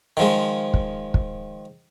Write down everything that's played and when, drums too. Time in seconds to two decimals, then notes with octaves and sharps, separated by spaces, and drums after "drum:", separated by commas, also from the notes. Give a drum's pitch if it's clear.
0.17 D#3 F3 G#3
0.74 drum: kick
1.14 drum: kick